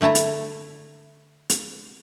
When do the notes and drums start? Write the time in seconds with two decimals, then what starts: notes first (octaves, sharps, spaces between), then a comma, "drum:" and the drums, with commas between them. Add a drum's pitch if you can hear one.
0.01 D3 A3 E4 A5 A#5
0.15 drum: hi-hat
1.50 drum: hi-hat